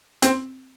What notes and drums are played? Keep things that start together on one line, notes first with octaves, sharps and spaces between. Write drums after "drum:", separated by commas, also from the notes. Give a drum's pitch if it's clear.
C4, drum: hi-hat